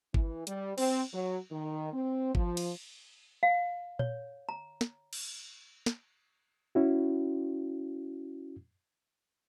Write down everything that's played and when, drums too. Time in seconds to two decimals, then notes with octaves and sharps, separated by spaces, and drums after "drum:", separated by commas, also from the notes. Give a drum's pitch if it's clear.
0.14 E3, drum: kick
0.47 G3, drum: hi-hat
0.78 C4, drum: cymbal
1.13 F#3
1.51 D#3
1.93 C4
2.35 F3, drum: kick
2.57 drum: cymbal
3.43 F5
3.99 C#5, drum: tom A#2
4.49 A#5
4.81 drum: snare
5.13 drum: cymbal
5.86 drum: snare
6.75 C#4 E4 F#4